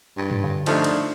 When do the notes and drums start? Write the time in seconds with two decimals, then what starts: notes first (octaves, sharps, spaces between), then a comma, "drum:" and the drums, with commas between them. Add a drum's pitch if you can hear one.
0.18 G2
0.31 drum: tom
0.44 D3
0.66 F3 A3 D4 D#4, drum: cymbal
0.84 drum: cymbal